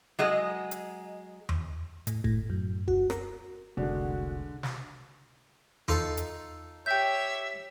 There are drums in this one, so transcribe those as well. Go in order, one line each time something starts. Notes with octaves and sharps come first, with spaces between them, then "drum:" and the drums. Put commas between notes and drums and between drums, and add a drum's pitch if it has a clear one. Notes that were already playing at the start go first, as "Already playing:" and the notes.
F#3 G#3 D#5
drum: hi-hat
drum: tom E2
A2, drum: hi-hat
A2, drum: kick
F#2
F#4, drum: kick
A#4, drum: rim click
F1 C2 D3 G#3 F#4
drum: snare
D#4 F4 A4, drum: tom E2
drum: hi-hat
G4 C#5 E5 G5 G6